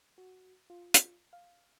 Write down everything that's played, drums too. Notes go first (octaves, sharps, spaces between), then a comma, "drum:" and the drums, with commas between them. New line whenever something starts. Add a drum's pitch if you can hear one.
F#4
F4
drum: hi-hat
F5